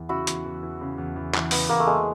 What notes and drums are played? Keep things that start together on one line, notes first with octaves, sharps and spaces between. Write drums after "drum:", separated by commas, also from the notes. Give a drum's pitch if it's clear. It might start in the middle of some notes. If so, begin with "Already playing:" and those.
Already playing: E2 E3
C#3 E4 F#4
E2, drum: hi-hat
E2
E3
C#3
E2
E2
E3, drum: clap
C#3 B3, drum: open hi-hat
E2 A#3
A3
G#3 A#3